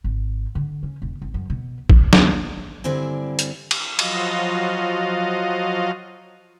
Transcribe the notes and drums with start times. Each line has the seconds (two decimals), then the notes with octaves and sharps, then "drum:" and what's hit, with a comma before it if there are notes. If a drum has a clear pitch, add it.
0.04 G#1
0.55 D3
0.83 C#4
1.02 E1
1.22 G#1
1.34 F#2
1.50 B2
1.90 D1, drum: kick G#1
2.13 D#2, drum: snare
2.84 G2 D3 C4 E4 D5 G#5
3.39 drum: hi-hat
3.71 drum: cymbal
3.99 F3 F#3 F4 F#4 D#5 F5, drum: cymbal